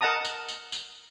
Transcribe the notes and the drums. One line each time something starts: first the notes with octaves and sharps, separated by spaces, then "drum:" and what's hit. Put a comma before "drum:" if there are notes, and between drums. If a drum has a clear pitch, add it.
A#4 D#5 F#5 A5 A#5 D#6
drum: tambourine
drum: tambourine
drum: tambourine